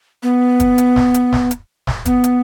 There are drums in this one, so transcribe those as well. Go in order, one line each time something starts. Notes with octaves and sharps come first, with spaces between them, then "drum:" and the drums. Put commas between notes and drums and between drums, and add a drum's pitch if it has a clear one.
B3
drum: kick, hi-hat
drum: hi-hat
drum: snare
drum: hi-hat
drum: snare
drum: hi-hat
drum: snare
B3, drum: kick, hi-hat
drum: hi-hat